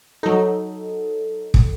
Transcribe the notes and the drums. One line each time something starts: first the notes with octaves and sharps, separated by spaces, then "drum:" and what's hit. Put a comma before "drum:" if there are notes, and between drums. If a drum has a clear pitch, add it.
F#3 D#4 A4
drum: kick